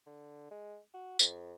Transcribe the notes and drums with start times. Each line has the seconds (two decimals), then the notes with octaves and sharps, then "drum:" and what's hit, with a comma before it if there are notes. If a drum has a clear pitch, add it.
0.06 D3
0.51 G#3
0.94 F#4
1.19 F2, drum: tambourine